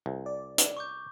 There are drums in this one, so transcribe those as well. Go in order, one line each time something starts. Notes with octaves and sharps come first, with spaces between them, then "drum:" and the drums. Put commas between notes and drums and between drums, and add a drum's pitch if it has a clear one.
C2
D5
drum: hi-hat
C#6 D6 G6